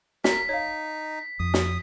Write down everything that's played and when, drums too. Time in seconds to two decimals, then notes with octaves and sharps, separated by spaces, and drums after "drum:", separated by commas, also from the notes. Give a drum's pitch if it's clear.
0.24 A#4 B6, drum: snare
0.49 D#4 C#5 F5
1.40 F2 D#6
1.54 drum: snare